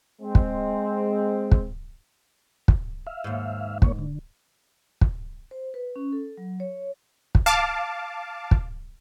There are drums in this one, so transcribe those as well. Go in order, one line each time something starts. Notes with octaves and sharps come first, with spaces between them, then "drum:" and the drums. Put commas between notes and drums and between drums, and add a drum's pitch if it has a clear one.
G#3 C4
drum: kick
drum: kick
drum: kick
E5 F5
D#2 G#2
A#3 C#5, drum: kick
D3
drum: kick
C5
B4
C#4
A4
F#3
C#5
drum: kick
F5 A5 D6
drum: kick